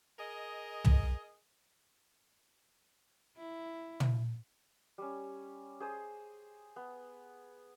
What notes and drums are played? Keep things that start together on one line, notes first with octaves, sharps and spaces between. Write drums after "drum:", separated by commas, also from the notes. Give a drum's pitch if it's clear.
G#4 A#4 D#5
drum: tom
E4
drum: tom
G3 C#4
G#4 C5 D#6
B3